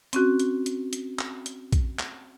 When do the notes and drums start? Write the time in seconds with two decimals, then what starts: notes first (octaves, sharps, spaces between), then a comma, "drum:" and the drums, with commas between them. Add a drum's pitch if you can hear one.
0.13 C4 C#4 F#4, drum: hi-hat
0.40 drum: hi-hat
0.66 drum: hi-hat
0.93 drum: hi-hat
1.19 drum: clap
1.46 drum: hi-hat
1.72 drum: kick A#1, hi-hat
1.99 drum: clap